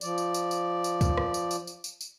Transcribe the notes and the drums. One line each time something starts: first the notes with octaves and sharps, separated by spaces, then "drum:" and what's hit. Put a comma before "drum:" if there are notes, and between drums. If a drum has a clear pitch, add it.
F3 D5, drum: tambourine
drum: tambourine
drum: tambourine
drum: tambourine
drum: tambourine
drum: kick, tambourine
drum: rim click
drum: tambourine
drum: tambourine
drum: tambourine
drum: tambourine
drum: tambourine